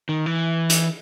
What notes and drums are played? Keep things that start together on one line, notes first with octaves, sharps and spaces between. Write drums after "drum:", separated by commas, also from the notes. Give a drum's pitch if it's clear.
D#3
E3
drum: hi-hat